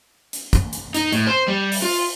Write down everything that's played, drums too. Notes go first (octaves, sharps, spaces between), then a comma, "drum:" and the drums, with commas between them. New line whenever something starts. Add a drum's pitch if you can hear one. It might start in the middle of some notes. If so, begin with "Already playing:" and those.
drum: hi-hat
drum: kick, hi-hat
drum: hi-hat
D#4, drum: hi-hat
A2, drum: hi-hat
C5
G3
drum: open hi-hat
F4